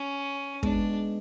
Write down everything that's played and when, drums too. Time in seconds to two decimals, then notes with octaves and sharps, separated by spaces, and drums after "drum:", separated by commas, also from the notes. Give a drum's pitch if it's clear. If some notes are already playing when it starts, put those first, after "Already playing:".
Already playing: C#4
0.63 G#3 B3 D4, drum: kick